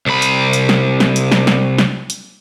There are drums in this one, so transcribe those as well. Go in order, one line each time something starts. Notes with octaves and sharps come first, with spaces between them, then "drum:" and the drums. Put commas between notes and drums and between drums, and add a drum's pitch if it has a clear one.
C2 B5
drum: hi-hat
drum: hi-hat
drum: snare
drum: snare
drum: hi-hat
drum: snare
drum: snare
drum: snare
drum: hi-hat